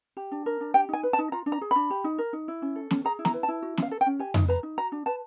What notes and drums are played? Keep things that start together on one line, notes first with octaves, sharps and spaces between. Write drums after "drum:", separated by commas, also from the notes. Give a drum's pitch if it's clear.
G4
D4
A#4
D4
G4 G5
D#4 G#5
B4
A5
D#4
F4 A#5
D4
A#5
G#4
D4 B5
G4
D#4
A#4
D#4
E4
C#4
A4
C#4, drum: snare
G#4 A#5
E4
A#5, drum: snare
B4
A5
E4
F#4
C#4 F5, drum: snare
A4
G5
C#4
G4 G#5
D#4, drum: tom F2
B4 A#5
D#4
F#4 A#5
D4
B4 A5